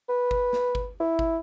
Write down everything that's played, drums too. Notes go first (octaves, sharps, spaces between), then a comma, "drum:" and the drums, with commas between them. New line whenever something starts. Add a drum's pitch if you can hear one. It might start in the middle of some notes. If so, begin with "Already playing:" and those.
B4
drum: kick G1
drum: snare
drum: kick G1
E4
drum: kick G1